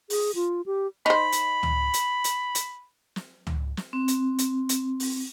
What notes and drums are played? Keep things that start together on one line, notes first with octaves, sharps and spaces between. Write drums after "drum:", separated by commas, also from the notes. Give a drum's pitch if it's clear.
G#4, drum: open hi-hat
F4
G4
D#4 C5 B5
drum: hi-hat
drum: tom C#2
drum: hi-hat
drum: hi-hat
drum: hi-hat
drum: snare
drum: tom C#2
drum: snare
C4
drum: hi-hat
drum: hi-hat
drum: hi-hat
drum: open hi-hat